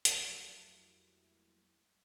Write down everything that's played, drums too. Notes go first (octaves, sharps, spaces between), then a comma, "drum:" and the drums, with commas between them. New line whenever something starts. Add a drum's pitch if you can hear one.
F2 F#3 G3 A3 A#3 E4, drum: hi-hat